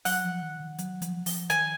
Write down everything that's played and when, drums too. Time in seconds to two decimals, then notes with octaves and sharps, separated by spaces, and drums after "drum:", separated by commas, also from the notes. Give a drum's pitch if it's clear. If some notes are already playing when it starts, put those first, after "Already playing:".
0.05 F#3 F#5, drum: open hi-hat
0.24 F3
0.42 D#3
0.60 D#3
0.78 F#3, drum: hi-hat
1.02 F3, drum: hi-hat
1.26 F3, drum: open hi-hat
1.50 D#3 G#5, drum: hi-hat